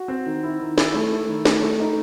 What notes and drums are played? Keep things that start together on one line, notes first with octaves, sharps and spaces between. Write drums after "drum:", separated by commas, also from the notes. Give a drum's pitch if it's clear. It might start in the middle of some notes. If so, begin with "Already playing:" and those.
Already playing: F#4
C4
D#3
E4
D#3
E4, drum: snare
A3
E4
D#3
A3, drum: snare
A3
D#4